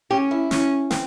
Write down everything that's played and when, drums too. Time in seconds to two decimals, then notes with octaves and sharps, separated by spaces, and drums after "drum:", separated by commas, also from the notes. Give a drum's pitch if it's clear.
0.11 C#4 G4
0.31 E4
0.51 C#4, drum: snare
0.91 C4, drum: snare